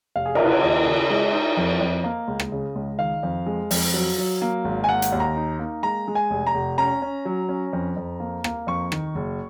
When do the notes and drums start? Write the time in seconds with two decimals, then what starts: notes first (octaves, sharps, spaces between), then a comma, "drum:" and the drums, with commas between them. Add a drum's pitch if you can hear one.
0.16 F1 F5
0.26 G#4
0.35 C#3 A#4, drum: cymbal
0.44 B4
0.53 C#5
0.62 D#2 D#5
0.86 C#3
1.10 G#3 D#5
1.33 D#4
1.57 F2
1.81 F2
2.04 A#3
2.28 C#2
2.40 drum: rim click
2.52 C#3
2.75 C#2
2.99 D#3 F5
3.23 F2
3.46 G#3
3.71 F2, drum: open hi-hat
3.94 F#3
4.18 F#3
4.42 A#3
4.65 G#1
4.84 G#5
4.89 A#3 F#5
5.02 drum: hi-hat
5.12 D#2
5.20 A#5
5.36 D#4
5.59 A#3
5.83 G#3 A#5
6.08 G#3
6.15 G#5
6.30 F1
6.47 A#5
6.54 F1
6.78 C#4 A#5
7.02 C#4
7.25 F#3
7.49 C#4
7.73 F2
7.97 F2
8.20 A#3
8.44 A#3, drum: rim click
8.67 F2 C#6
8.92 D#3, drum: rim click
9.15 F#1